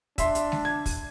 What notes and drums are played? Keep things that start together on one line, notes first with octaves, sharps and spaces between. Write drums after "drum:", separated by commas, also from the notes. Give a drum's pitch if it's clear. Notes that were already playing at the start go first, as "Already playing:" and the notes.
D4 E5 C6, drum: kick, hi-hat
drum: hi-hat
drum: snare G#3
G#6
drum: kick, open hi-hat